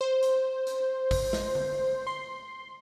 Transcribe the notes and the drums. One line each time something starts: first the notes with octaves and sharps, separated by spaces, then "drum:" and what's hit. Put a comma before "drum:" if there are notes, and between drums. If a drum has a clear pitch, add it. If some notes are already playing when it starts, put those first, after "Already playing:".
C5
drum: hi-hat
drum: hi-hat
drum: kick, open hi-hat
drum: snare
drum: tom D3
C6